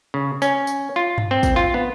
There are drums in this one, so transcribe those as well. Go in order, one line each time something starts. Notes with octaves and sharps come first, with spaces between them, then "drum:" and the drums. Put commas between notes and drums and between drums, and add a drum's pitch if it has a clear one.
C#3
C#4, drum: tambourine
drum: tambourine
F4
drum: tom G2
C4
drum: kick, tambourine
F4
B3